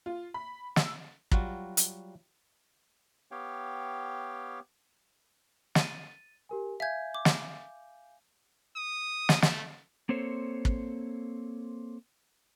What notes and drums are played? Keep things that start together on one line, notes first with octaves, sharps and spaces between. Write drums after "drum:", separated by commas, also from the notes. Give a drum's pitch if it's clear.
F4
B5
E6, drum: snare
F#3 G3 F4 F#4, drum: kick
drum: hi-hat
B3 G4 C#5 F5 G5
A6 D#7, drum: snare
G4 A#4 G#5
E5 F5 G#5 G6 G#6
D6
drum: snare
D#6
drum: snare
A3, drum: snare
A#3 C4 A4 C5 C#5
drum: kick